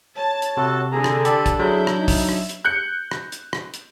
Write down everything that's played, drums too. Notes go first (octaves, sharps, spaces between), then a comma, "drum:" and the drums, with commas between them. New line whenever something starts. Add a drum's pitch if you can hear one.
C#5 A5
drum: hi-hat
C3 F#4 A4
D3 G#4 A4 A#5
drum: rim click
G4 A4 D5 A5 B5, drum: hi-hat
drum: kick, hi-hat
F#3 D4 E4 G#4 G6
drum: rim click
D#4
drum: kick, open hi-hat
drum: rim click
drum: hi-hat
F#6 G6 C#7
drum: rim click
drum: hi-hat
drum: rim click
drum: hi-hat